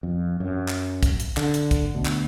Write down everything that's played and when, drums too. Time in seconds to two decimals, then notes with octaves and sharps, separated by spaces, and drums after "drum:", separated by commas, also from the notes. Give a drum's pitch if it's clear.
0.03 F2
0.40 F#2
0.68 drum: clap
1.03 drum: kick, hi-hat
1.20 drum: hi-hat
1.37 D3, drum: clap
1.54 drum: hi-hat
1.71 drum: kick, hi-hat
1.95 D2 B2
2.05 drum: clap